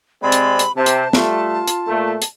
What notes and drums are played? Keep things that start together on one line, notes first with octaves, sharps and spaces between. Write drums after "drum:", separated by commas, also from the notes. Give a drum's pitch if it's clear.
C3 G#3 C4 D5 B5
drum: hi-hat
drum: hi-hat
C3 C5 A5
drum: hi-hat
G3 A3 F4, drum: snare
drum: hi-hat
A#2 A3
drum: hi-hat